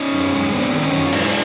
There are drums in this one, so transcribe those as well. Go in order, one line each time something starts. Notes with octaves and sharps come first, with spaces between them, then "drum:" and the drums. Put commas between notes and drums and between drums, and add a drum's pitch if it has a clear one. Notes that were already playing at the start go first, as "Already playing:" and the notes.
Already playing: C#4 D#4
F#2
G#3
B3 C4 D4
D#3
C#4 D#4
F#2
F4
G#3 D4 E4, drum: cymbal